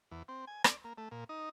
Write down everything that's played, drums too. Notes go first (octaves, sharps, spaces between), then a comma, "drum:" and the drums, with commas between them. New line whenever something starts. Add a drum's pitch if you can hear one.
E2
C4
G#5
D5, drum: rim click
A#3
A3
A#2
D#4